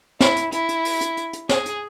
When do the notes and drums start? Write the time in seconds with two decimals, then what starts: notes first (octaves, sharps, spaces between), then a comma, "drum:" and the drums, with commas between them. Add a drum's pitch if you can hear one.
0.21 E4, drum: snare
0.36 drum: hi-hat
0.52 E4, drum: hi-hat
0.69 drum: hi-hat
0.85 drum: open hi-hat
1.01 drum: hi-hat
1.17 drum: hi-hat
1.33 drum: hi-hat
1.49 G#4, drum: snare
1.66 drum: hi-hat